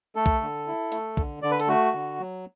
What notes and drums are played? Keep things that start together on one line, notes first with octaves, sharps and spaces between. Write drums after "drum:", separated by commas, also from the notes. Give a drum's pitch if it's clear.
A3 A4
drum: kick B1
D3
E4
A3, drum: hi-hat
D3, drum: kick B1
D3 D5
B4
A4, drum: hi-hat
A3 F#4
D3
F#3